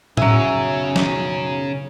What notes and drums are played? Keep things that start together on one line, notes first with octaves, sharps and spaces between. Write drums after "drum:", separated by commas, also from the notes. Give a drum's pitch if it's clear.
B1 F#2 F#3 C#4 G#4 E5 A#5, drum: tom A2
drum: snare